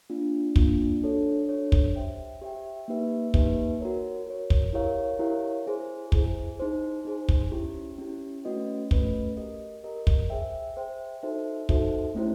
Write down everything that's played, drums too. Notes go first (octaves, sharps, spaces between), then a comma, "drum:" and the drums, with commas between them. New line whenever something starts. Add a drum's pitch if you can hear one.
A#3 D4 F4
A#3 D4 F4, drum: kick
D4 F#4 A4 C#5
D4 F#4 A4 C#5
drum: kick
G4 C5 E5 G5
G4 C5 E5 G5
A#3 D#4 G4 B4 E5
A#3 D#4 G4 B4 E5, drum: kick
F#4 A#4 C#5
F#4 A#4 C#5
drum: kick
E4 G4 A#4 C#5 F5
E4 G4 A#4 C#5 F5
E4 G#4 C5
E4 G#4 C5, drum: kick
D#4 G#4 C5
D#4 G#4 C5
drum: kick
C#4 E4 G4
C#4 E4 G4
A3 C#4 F#4 B4 D#5
A3 C#4 F#4 B4 D#5, drum: kick
G4 A#4 D#5
G4 A#4 D#5
drum: kick
G#4 C5 E5 G5
G#4 C5 E5 G5
D#4 F#4 A4 C5 E5
D#4 F#4 A4 C5 E5, drum: kick
A3 C#4 E4 G4 C5